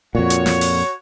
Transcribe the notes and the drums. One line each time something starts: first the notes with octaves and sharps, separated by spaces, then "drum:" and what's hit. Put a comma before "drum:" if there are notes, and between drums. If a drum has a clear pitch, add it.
F2 A#2 F#4 C#5
drum: hi-hat
drum: snare
drum: open hi-hat